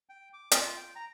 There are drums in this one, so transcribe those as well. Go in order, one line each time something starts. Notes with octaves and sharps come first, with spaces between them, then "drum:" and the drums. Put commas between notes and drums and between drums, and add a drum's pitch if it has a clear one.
G5
D6
F4, drum: hi-hat
G5
A#5